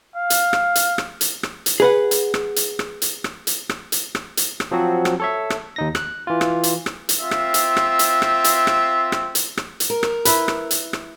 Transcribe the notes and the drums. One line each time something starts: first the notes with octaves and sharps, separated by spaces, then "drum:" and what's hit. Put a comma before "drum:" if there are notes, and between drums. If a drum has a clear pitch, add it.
F5
drum: hi-hat
drum: rim click
drum: hi-hat
drum: rim click
drum: hi-hat
drum: rim click
drum: hi-hat
G#4 B4 F#5
drum: hi-hat
drum: rim click
drum: hi-hat
drum: rim click
drum: hi-hat
drum: rim click
drum: hi-hat
drum: rim click
drum: hi-hat
drum: rim click
drum: hi-hat
drum: rim click
F3 F#3 C4 F#4
drum: rim click
A4 C#5 E5
drum: rim click
D#2 D#4 A#6
F#6, drum: rim click
E3 F4
drum: rim click
drum: hi-hat
drum: rim click
drum: hi-hat
C4 F4 E5
drum: rim click
drum: hi-hat
drum: rim click
drum: hi-hat
drum: rim click
drum: hi-hat
drum: rim click
drum: rim click
drum: hi-hat
drum: rim click
drum: hi-hat
A#4
drum: rim click
E4 B4, drum: hi-hat
drum: rim click
drum: hi-hat
drum: rim click